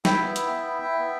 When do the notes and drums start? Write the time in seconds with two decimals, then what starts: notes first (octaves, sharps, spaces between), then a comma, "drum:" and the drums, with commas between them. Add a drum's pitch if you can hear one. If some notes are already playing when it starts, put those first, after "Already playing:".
0.05 E4 E5 G5, drum: snare
0.21 B3
0.36 E4, drum: hi-hat
0.51 B3
0.67 E4
0.82 E4
0.99 B3